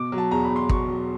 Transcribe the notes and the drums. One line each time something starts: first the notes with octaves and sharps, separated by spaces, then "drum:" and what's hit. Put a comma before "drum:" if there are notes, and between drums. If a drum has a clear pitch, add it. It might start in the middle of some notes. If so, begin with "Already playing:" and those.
Already playing: B2 D6
F#3
A5
E2 A#5
B5
E2
C6
B2 C#6, drum: kick
F#3